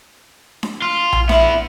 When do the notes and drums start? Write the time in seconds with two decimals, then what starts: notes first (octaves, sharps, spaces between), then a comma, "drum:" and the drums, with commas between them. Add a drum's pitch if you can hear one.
0.63 drum: snare D4
0.82 F4
1.13 drum: tom A#1
1.29 B3 E4 E5, drum: snare D4